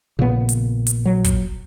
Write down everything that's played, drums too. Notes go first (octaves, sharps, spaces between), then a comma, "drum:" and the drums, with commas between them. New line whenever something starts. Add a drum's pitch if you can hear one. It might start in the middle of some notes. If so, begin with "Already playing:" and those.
A#1 A#2 C#3 B3
drum: hi-hat
drum: hi-hat
F#3
drum: kick, hi-hat